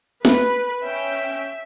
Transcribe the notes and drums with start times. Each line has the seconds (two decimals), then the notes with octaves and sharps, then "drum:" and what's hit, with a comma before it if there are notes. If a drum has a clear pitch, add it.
0.25 B4, drum: snare
0.84 C#4 E5 G5